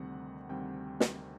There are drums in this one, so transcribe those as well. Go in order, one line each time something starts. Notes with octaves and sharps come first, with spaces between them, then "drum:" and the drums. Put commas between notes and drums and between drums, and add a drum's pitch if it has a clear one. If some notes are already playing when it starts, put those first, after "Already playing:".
Already playing: D2 C3 D#3 G3 C4 F#5
D2 C3 D#3 G3 C4 G5
drum: snare